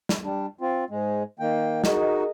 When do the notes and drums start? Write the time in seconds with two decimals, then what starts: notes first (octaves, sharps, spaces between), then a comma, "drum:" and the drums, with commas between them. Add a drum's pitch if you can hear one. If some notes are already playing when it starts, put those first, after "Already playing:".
0.09 drum: snare
0.24 G3 D4
0.61 C4 F4
0.90 G#2 G#3
1.39 D#3 A#3 G5
1.84 D#4 F#4 G#4 A#4 D#5, drum: snare